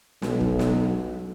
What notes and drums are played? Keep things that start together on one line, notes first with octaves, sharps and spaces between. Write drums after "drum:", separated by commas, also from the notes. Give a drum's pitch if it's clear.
B1, drum: snare
drum: kick
drum: snare